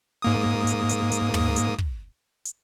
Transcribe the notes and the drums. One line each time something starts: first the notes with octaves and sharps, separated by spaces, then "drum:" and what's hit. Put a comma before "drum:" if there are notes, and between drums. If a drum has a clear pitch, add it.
G#2 A#3 D#6
drum: hi-hat
drum: hi-hat
drum: hi-hat
drum: tom
drum: hi-hat
drum: kick
drum: hi-hat